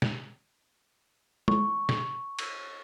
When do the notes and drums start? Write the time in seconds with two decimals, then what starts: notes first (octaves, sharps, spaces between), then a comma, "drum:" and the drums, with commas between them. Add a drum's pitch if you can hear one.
0.02 drum: snare
1.48 C#6, drum: tom G#3
1.89 drum: snare
2.39 drum: cymbal